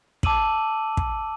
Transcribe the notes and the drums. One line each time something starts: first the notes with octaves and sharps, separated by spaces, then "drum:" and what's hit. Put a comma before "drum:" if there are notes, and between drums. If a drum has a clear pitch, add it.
A5 D6 E6 D#7 F#7, drum: kick
drum: kick